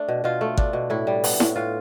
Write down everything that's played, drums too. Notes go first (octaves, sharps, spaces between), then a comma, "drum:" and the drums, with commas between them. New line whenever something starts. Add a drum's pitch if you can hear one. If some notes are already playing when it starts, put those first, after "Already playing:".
Already playing: A3 D4
B2
B2 F4
A3
D4, drum: kick
B2
A2 E4
G3
B3, drum: open hi-hat
A2, drum: snare E4
A2 F4